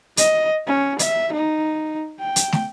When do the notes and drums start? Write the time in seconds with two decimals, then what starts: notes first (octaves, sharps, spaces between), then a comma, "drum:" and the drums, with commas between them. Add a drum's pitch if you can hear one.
0.17 D#5, drum: hi-hat
0.67 C#4
0.99 E5, drum: hi-hat
1.33 D#4
2.20 G5
2.36 drum: hi-hat
2.52 drum: snare